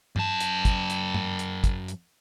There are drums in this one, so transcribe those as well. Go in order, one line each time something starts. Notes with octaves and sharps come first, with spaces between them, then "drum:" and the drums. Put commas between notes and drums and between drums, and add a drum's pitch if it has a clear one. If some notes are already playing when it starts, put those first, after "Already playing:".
F#2 A5, drum: tom G2
drum: hi-hat
drum: kick, hi-hat
drum: hi-hat
drum: tom G2
drum: hi-hat
drum: kick, hi-hat
drum: hi-hat